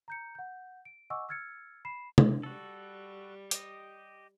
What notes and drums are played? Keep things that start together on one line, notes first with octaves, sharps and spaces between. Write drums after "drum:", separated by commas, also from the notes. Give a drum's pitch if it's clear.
A#5 G6 C#7
F#5 G6
D7
D#5 F#5 G#5 C#6 D6 E6
E6 F6 G#6 A6 C#7
B5 C7 E7
drum: tom
G3 F#4 A4
G4 D#5, drum: hi-hat